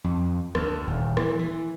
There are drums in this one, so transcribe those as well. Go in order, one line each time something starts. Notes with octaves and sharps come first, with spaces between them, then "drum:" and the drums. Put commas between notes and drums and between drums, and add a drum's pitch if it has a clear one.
F2
D2, drum: rim click
D#1
E3, drum: rim click
E3